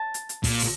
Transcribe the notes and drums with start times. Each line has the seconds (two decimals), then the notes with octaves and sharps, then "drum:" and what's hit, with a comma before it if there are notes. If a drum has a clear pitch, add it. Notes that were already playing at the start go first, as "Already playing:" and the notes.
Already playing: A5
0.14 drum: hi-hat
0.29 drum: hi-hat
0.44 A#2, drum: kick, open hi-hat
0.59 drum: open hi-hat